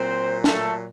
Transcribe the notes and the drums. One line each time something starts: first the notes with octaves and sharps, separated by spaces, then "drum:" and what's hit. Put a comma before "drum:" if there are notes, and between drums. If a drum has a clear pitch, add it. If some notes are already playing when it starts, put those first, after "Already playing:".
Already playing: A#2 F#3 C4 C5
A3 A4, drum: snare